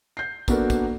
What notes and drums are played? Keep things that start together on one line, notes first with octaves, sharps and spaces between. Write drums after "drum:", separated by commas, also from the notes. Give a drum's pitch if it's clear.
G6 C7
A#3 B3 D4 F#4 A4 A#4, drum: kick, tambourine
drum: kick, tambourine